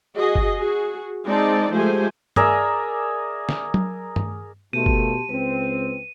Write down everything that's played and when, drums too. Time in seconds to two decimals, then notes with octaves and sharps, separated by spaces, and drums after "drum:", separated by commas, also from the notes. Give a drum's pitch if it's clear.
0.17 F#4 G#4 D#5
0.35 drum: kick
0.58 F#4 G#4
1.24 G#3 C4 D#4 D5 A5
1.72 F3 G#3 A3 G4 C5 G#5
2.36 G#4 A#4 D5 E5, drum: tom G2
3.49 drum: snare
3.74 drum: tom F#3
4.16 drum: tom G2
4.73 D#2 B2 A3 G4 A5 C6 D#7
4.86 drum: kick
5.29 C#2 C4 B4